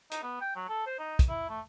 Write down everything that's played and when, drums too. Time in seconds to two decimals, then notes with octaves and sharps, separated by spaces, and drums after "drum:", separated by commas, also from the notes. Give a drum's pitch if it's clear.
0.11 D#4, drum: hi-hat
0.23 B3
0.41 G5
0.56 F#3
0.69 A4
0.86 C5
0.99 D#4
1.19 drum: kick, hi-hat
1.29 E4
1.49 A3